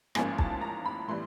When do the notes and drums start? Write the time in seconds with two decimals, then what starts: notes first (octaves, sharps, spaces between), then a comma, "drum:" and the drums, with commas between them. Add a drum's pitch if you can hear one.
0.15 A1 G#2 F3 A#3 C#4 G#5, drum: rim click
0.38 A5, drum: kick
0.61 A#5
0.85 B5
1.08 A2 E3 G3 C6